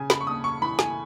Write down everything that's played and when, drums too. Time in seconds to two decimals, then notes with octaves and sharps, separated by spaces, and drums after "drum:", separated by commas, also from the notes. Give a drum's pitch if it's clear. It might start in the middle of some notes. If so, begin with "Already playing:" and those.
Already playing: C#3 G#5
0.10 B5, drum: snare
0.21 C#6
0.27 D#2 D#6
0.44 C#6
0.61 E3 B5
0.79 G#5, drum: snare